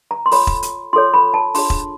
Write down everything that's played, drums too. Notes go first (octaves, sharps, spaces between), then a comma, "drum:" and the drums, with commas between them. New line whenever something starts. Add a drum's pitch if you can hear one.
A#5
C6
F4 A4 C#5 B5, drum: open hi-hat
drum: kick E1
drum: hi-hat
F4 A4 C#5 C6
B5
A5
D4 F4 G#4 C#5 C6, drum: open hi-hat
drum: kick E1